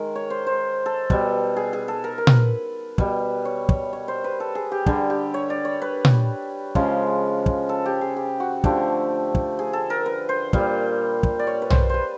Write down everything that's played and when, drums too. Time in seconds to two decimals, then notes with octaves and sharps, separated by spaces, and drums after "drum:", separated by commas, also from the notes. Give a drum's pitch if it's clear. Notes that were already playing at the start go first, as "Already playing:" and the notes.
Already playing: D#3 G#3 A#4
0.15 C#5
0.30 C5
0.47 C5
0.86 A4
1.10 B2 G3, drum: kick
1.56 G#4
1.73 G#4
1.88 A4
2.04 A#4
2.18 A#4
2.27 B4, drum: tom A#2
2.98 B2 G3, drum: kick
3.45 C#5
3.69 C#5, drum: kick
3.93 C#5
4.08 C5
4.24 B4
4.40 A4
4.55 G#4
4.72 G4
4.86 D3 G3 G#4, drum: kick
5.10 G4
5.34 C#5
5.50 D5
5.65 C#5
5.82 B4
6.05 drum: tom A#2
6.75 C#3 F3 G#3, drum: kick
7.46 drum: kick
7.69 A4
7.86 G4
8.01 G#4
8.16 G4
8.40 F#4
8.64 D3 F3 A3 G4, drum: kick
9.35 drum: kick
9.59 G#4
9.73 A4
9.90 A#4
10.06 B4
10.29 C5
10.53 A#2 G3, drum: kick
11.23 drum: kick
11.39 D5
11.47 C#5
11.62 B4
11.70 C5, drum: tom B1
11.90 B4 C5